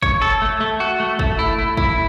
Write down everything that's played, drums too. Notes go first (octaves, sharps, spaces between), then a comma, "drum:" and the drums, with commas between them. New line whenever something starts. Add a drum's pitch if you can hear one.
C#5, drum: kick
A4
A3
A3
F#4
A3
A3, drum: kick
E4
E4
E4, drum: kick